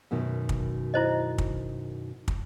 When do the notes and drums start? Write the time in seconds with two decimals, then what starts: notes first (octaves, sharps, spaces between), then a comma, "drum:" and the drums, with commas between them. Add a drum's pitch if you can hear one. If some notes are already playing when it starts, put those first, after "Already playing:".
0.11 F#2 B2 D#3
0.49 drum: kick
0.94 E4 C5 D#5
1.38 drum: kick
2.28 drum: kick